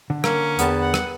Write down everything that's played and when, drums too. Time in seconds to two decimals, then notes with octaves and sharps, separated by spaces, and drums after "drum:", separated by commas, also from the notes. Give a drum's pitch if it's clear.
0.10 D3
0.24 A#3 C#4, drum: rim click
0.59 E2 B3 G4 A5, drum: hi-hat
0.81 F#5
0.94 drum: rim click